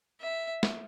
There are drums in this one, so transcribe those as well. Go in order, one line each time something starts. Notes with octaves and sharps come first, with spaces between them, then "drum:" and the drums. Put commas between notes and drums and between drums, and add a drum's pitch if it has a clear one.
E5
drum: snare